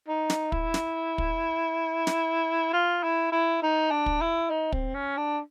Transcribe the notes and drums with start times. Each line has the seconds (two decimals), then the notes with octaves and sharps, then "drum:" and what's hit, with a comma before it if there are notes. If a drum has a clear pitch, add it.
0.08 D#4
0.30 drum: snare
0.52 E4, drum: kick
0.74 drum: snare
1.18 drum: kick
2.07 drum: snare
2.73 F4
3.03 E4
3.32 E4
3.62 D#4
3.91 D4
4.06 drum: kick
4.21 E4
4.50 D#4
4.72 C4, drum: kick
4.94 C#4
5.17 D4